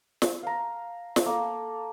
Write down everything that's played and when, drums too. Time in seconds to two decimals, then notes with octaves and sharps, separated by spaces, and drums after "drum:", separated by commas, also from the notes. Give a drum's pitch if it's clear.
0.22 drum: snare
0.43 F5 A#5
1.16 drum: snare
1.25 A#3 A4